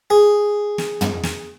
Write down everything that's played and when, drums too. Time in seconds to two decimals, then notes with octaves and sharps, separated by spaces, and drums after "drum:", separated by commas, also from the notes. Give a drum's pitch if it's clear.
0.10 G#4
0.78 drum: snare
1.01 drum: tom
1.23 drum: snare